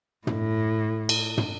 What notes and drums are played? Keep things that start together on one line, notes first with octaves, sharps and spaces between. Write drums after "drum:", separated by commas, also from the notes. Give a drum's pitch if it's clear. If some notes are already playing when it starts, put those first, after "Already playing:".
A2, drum: tom
drum: cymbal
drum: tom